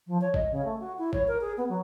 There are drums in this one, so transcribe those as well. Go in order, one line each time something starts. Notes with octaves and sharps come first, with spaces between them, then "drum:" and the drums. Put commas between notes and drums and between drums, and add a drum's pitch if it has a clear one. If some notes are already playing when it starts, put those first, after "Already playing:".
F3
C#5
D#5, drum: kick A1
C#3
A3
F#4
E4
C#5, drum: kick A1
A#4
G#4
B3
F#3